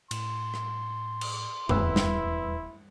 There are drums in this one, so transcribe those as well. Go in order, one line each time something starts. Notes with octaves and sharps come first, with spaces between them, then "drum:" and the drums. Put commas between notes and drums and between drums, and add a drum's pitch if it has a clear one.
A2 C6, drum: cymbal
drum: rim click
drum: cymbal
D#1 E2 E4 B4 E6, drum: tom F2
drum: snare